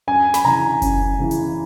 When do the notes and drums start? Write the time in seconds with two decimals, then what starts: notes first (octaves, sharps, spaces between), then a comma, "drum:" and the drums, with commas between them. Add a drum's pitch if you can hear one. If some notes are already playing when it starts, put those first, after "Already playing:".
0.07 F#2 G#5
0.34 B5, drum: snare
0.45 C#3 E3 A#5
0.82 F#2, drum: kick F#1, hi-hat
1.19 C#3 E3
1.31 drum: hi-hat